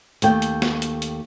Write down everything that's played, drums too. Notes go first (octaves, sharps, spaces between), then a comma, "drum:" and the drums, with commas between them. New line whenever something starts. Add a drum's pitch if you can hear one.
D#2 A3 G5, drum: hi-hat
drum: hi-hat
drum: snare
drum: hi-hat
drum: hi-hat